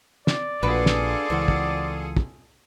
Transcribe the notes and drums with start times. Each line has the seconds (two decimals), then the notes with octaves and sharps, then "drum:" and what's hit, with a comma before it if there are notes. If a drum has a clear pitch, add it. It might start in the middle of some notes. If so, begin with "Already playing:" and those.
0.27 D5, drum: snare
0.63 A#1 A#3 D4 F4 F#4 G#4 A4 B4
0.86 drum: snare
1.30 C#2 E3 C4 F#4
1.48 drum: kick
2.17 drum: kick